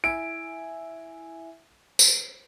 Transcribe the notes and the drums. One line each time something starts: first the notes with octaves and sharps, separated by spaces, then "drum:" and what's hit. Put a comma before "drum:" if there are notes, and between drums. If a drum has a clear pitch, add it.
E4 E5 G#5 D7
drum: tambourine